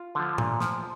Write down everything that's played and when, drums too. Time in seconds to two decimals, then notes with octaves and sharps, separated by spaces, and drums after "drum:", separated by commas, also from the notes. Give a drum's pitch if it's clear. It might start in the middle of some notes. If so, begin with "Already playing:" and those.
Already playing: F4
0.15 D3 F3
0.38 A#2, drum: tom G#2
0.60 F3, drum: snare